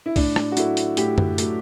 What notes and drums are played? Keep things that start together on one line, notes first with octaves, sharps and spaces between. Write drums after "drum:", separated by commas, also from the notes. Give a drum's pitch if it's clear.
E4
A2 D4, drum: kick C2, open hi-hat
drum: rim click
F#4
F#3 A3 E4, drum: hi-hat
drum: hi-hat
A2 G4, drum: hi-hat
drum: tom F#2
F#3 A3, drum: hi-hat